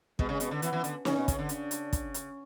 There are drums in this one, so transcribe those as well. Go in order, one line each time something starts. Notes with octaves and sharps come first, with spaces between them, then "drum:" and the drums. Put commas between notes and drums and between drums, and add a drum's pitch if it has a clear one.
B2 G#3, drum: kick
C#3
B2, drum: hi-hat
D3
E3 B3, drum: hi-hat
E3
D3, drum: hi-hat
C#3 C#4, drum: snare
B2
C#3, drum: kick, hi-hat
D3
C#3 D4, drum: hi-hat
drum: hi-hat
drum: kick, hi-hat
drum: hi-hat